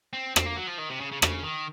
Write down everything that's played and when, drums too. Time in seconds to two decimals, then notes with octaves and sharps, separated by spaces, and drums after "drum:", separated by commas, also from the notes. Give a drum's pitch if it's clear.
0.13 C4
0.36 C4, drum: rim click
0.47 A#3
0.57 F#3
0.68 F3
0.79 D#3
0.90 C3
1.01 C#3
1.12 C#3
1.22 C#3, drum: rim click
1.44 D#3